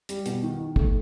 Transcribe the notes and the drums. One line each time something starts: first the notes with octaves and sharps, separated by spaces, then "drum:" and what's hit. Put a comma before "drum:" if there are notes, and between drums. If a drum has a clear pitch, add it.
G3, drum: hi-hat
B2, drum: hi-hat
D#3
D#3
A3, drum: kick